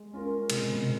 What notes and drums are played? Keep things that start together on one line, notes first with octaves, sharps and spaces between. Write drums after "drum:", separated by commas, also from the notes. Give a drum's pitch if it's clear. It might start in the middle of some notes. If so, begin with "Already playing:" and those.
Already playing: G#3
C#4 F4 A#4
C3 G#3, drum: cymbal
B2
C3